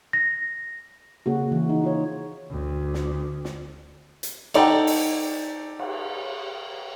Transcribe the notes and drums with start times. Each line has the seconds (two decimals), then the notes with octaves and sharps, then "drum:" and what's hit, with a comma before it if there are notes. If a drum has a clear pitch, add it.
0.13 A#6
1.26 C#3 A#3 F#4
1.52 E3
1.69 D#4
1.83 F4 C#5
2.50 D2
2.94 drum: snare
3.45 drum: snare
4.23 drum: hi-hat
4.54 D#4 A4 D5 F#5 G5 A#5, drum: cymbal
4.87 drum: open hi-hat
5.79 drum: cymbal